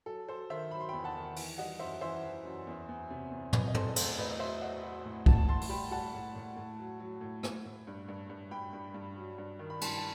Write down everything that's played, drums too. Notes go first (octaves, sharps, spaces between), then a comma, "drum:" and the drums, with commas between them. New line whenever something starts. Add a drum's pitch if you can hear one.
F#3 A4
F#3 A4 C5
D#3 C5 E5
F#3 B5
C6
E2 G5 B5
F#5 A5
D#3
E3, drum: open hi-hat
G3 D#5 F#5
F#2 C5 E5
E3 C5 E5
E3
F#2
E2
E2
C3
E2
C3 B4 D#5, drum: tom
D#5
E2 A4 C5, drum: tom
D#5
A2 A4 C5, drum: cymbal
A2 B4 D#5
D#5
F#3 C5 E5
F#3 D#5 F#5
F#3
A2
A2 F#5 A5, drum: kick
A2 A5 C6
C6, drum: open hi-hat
G3 G5 B5
G3 F#5 A5
A2
A2
A2
F#3
F#3
A2
A2, drum: rim click
A2
G2
G2
G2
G2 G5 B5
G2
G2
F#3
G2
D#3
B5
G2 A5 C6, drum: cymbal
A5